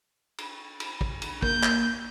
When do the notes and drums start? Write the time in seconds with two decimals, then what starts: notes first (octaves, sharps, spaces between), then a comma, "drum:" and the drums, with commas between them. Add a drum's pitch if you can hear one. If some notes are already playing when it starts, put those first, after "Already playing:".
0.38 drum: cymbal
0.80 drum: cymbal
1.01 drum: kick
1.22 drum: cymbal
1.42 A#3 G6, drum: kick
1.63 drum: clap